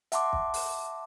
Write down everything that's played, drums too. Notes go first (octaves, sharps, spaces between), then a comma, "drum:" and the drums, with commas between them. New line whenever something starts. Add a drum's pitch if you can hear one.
E5 F#5 A5 C6 D6, drum: hi-hat
drum: kick
drum: open hi-hat